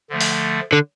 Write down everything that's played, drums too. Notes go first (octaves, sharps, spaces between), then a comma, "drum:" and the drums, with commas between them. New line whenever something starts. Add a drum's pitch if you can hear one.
D3 F3 A3
drum: open hi-hat
D3